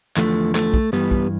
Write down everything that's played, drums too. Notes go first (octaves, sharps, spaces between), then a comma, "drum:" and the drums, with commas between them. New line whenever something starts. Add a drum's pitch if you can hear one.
E2 D3 F3 A3, drum: clap
A3, drum: clap
drum: kick
G2 E3 G3 B3
drum: kick